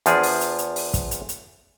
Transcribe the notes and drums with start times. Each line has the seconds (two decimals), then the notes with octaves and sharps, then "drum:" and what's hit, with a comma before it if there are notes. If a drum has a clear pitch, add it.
0.06 E2 F3 D4 G#4, drum: hi-hat
0.23 drum: open hi-hat
0.41 drum: hi-hat
0.58 drum: hi-hat
0.76 drum: open hi-hat
0.94 drum: kick, hi-hat
1.11 drum: hi-hat
1.29 drum: hi-hat